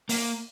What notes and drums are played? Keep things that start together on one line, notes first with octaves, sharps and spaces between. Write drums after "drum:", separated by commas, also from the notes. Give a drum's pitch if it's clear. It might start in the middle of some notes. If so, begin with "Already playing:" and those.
A#3, drum: open hi-hat